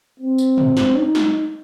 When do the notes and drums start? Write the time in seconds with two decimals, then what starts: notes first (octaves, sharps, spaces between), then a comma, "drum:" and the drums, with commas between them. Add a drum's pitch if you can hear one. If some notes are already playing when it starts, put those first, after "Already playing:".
0.20 C4
0.38 drum: tambourine
0.58 drum: tom
0.77 drum: snare
0.96 D#4
1.15 drum: snare